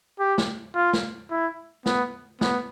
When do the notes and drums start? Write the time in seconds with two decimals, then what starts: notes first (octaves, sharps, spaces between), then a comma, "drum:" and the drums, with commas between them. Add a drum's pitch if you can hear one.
0.20 G4
0.38 drum: snare
0.75 F4
0.93 drum: snare
1.31 E4
1.86 B3, drum: snare
2.41 B3, drum: snare